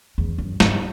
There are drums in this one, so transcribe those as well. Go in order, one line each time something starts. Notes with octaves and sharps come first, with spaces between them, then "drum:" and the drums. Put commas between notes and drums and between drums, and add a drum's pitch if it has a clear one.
E2
F#2
G2, drum: snare